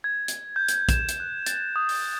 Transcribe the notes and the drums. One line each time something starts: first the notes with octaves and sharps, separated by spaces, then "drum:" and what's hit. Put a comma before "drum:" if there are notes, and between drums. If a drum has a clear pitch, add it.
G#6
drum: hi-hat
G6
drum: hi-hat
E7, drum: kick, hi-hat
drum: hi-hat
F#6
A6, drum: hi-hat
D#6
drum: open hi-hat